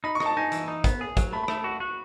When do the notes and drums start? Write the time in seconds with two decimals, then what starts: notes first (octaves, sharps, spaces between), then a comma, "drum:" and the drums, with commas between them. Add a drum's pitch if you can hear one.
0.04 D#4 B5
0.15 C#6
0.20 D#4, drum: rim click
0.26 A5
0.37 D#4 G#5
0.52 E3, drum: hi-hat
0.68 D#4
0.84 B3, drum: kick, hi-hat
1.01 G#4
1.17 F#3, drum: kick, hi-hat
1.33 A3 B5
1.43 B5
1.48 A3, drum: rim click
1.54 B5
1.64 F#4
1.80 F#4